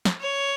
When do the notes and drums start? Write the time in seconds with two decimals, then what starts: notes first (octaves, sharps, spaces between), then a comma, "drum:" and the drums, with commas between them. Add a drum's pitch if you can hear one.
0.05 drum: snare
0.21 C#5